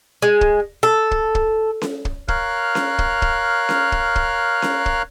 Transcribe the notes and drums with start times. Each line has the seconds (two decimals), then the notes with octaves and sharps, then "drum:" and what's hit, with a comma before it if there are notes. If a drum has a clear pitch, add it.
0.22 G#3
0.41 drum: kick
0.83 A4
1.11 drum: kick
1.35 drum: kick
1.82 drum: snare C#4
2.05 drum: kick
2.28 A#4 C#5 F5 F6 F#6, drum: kick
2.75 drum: snare C#4
2.99 drum: kick
3.22 drum: kick
3.69 drum: snare C#4
3.92 drum: kick
4.15 drum: kick
4.62 drum: snare C#4
4.86 drum: kick